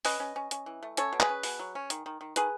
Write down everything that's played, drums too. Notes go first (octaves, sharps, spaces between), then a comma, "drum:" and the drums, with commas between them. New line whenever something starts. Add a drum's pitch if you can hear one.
C#4 B4 D#5, drum: open hi-hat
C#4
C#4
C#4, drum: hi-hat
E3
A3
C#4 A4 C#5, drum: hi-hat
B2
G#4 B4, drum: clap
C#4
B2, drum: open hi-hat
F#3
C#4
D#3, drum: hi-hat
D#3
D#3
D#3 G#4 B4, drum: hi-hat